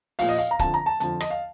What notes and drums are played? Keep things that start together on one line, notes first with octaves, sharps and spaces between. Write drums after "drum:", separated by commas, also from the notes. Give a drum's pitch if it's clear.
A#2 F3 F5, drum: open hi-hat
D#5
F5
A#5
F2 D3 F3 A5, drum: kick, hi-hat
A#5
A5
F2 D3 F3 A5, drum: hi-hat
D#5, drum: rim click
F5